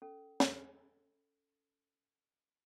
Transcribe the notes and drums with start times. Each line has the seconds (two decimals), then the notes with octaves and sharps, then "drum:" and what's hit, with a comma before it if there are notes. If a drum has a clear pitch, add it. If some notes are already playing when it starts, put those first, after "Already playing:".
0.02 C#4 A4
0.40 drum: snare